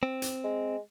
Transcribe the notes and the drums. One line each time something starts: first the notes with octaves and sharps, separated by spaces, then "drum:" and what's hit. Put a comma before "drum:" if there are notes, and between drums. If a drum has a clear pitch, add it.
C4
drum: hi-hat
G#3